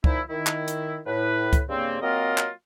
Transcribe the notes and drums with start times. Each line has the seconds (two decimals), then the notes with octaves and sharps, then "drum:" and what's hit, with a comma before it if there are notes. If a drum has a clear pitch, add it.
0.04 A#2 F3 D#4 E4, drum: kick C#2
0.30 D#3 E4
0.47 drum: clap
0.68 drum: hi-hat
1.06 A2 B4
1.53 drum: kick C#2, hi-hat
1.69 G2 C#3 A#3 C4
2.01 F#3 A#3 C4 F4 A#4 D#5
2.38 drum: clap